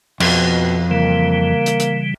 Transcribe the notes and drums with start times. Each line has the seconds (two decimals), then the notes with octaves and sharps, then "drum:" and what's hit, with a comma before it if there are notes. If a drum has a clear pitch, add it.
0.20 F2 B2, drum: cymbal
0.91 C#3 E3 G3 A#3
1.66 drum: hi-hat
1.80 drum: hi-hat